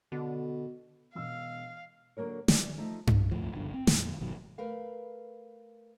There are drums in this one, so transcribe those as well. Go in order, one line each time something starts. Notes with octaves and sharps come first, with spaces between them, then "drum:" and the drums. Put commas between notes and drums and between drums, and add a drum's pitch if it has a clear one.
B2 D3
E1 B2 F5 E6
D3 F#3 A#3 A#4 C#5
D2 D5 E5 G#5, drum: snare
F3 A3 D#4
drum: tom G2
D2 A2 F3
F#1 B1 G2 D3
C4
F2 A#2, drum: snare
G1 B2 D#3 F#3
A3 A#4 B4 F5